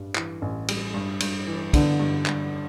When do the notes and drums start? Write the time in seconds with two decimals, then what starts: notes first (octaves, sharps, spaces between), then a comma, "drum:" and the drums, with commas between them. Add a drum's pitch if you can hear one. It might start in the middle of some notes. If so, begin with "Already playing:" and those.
Already playing: A1 G2 G3
0.15 E3, drum: clap
0.42 A1
0.68 G3, drum: cymbal
0.94 G2
1.20 G2, drum: cymbal
1.47 E3
1.73 D3 B3, drum: kick, cymbal
2.00 G2
2.26 G2, drum: clap